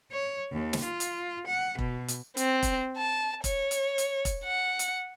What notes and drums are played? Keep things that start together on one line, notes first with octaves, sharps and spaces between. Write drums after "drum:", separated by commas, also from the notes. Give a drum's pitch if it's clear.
C#5
D#2
drum: snare
F4
drum: hi-hat
F#5
B2, drum: kick E1
drum: hi-hat
C4, drum: hi-hat
drum: kick E1, hi-hat
A5
C#5, drum: kick E1, hi-hat
drum: hi-hat
drum: hi-hat
drum: kick E1, hi-hat
F#5
drum: hi-hat